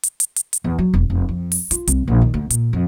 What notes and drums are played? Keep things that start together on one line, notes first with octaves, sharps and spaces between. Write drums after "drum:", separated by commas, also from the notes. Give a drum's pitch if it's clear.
drum: hi-hat
drum: hi-hat
drum: hi-hat
drum: hi-hat
E2
F#3
E1
F1
F2
drum: open hi-hat
F4, drum: hi-hat
C2, drum: hi-hat
A#1
D#3
D2
A#2, drum: hi-hat
F2